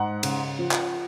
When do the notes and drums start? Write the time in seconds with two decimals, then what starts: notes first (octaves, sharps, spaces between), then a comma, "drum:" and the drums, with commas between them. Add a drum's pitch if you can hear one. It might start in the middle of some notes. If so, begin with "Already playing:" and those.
Already playing: G#2 F#5
0.23 C#3, drum: cymbal
0.59 F3
0.71 drum: clap